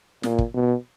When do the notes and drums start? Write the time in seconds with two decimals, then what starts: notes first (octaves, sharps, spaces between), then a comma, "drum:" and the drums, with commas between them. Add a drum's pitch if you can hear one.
0.23 A#2, drum: snare
0.38 drum: kick
0.54 B2